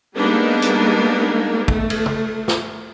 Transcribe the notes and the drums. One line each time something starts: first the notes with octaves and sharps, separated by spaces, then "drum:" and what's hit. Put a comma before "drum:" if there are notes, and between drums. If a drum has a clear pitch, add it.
G3 G#3 A#3 B3 D4 D#4
drum: hi-hat
A3, drum: kick
drum: cymbal
drum: tom
drum: snare